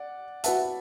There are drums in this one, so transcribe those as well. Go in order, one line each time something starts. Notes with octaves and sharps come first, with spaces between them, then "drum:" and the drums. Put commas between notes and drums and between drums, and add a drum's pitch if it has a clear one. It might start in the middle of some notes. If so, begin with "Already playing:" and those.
Already playing: D5 F#5
F#4 B4 E5 F#5 A5, drum: hi-hat